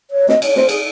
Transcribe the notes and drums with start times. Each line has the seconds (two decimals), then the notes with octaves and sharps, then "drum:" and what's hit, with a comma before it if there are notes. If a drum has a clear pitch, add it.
0.11 C#5
0.28 D#5, drum: snare
0.42 C#5, drum: cymbal
0.56 C5, drum: snare
0.69 G#4, drum: cymbal